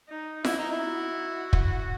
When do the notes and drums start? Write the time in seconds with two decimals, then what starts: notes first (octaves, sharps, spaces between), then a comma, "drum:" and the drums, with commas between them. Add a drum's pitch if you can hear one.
0.09 D#4
0.44 E4, drum: snare F4
0.58 D#4
0.72 E4
0.79 F#4
1.53 drum: kick